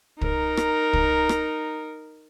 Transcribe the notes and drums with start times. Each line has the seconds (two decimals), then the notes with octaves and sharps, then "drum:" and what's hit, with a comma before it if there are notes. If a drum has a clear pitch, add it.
0.21 D#4 A#4, drum: kick
0.57 drum: rim click
0.93 drum: kick
1.29 drum: rim click